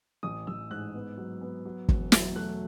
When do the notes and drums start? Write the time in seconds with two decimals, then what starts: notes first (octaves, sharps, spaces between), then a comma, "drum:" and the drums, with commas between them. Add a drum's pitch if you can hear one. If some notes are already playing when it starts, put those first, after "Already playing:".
0.23 A1 D#6
0.47 A1 E6
0.70 G#2 F#6
0.94 B3
1.17 F#3
1.41 B3
1.65 F#3
1.89 E1, drum: kick
2.12 F#3, drum: snare
2.35 A3 F#6